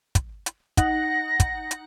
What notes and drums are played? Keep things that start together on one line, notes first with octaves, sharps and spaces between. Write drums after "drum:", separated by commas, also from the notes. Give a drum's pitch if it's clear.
drum: kick, hi-hat
drum: hi-hat
D#4 F#5 A#6, drum: kick, hi-hat
drum: kick, hi-hat
drum: hi-hat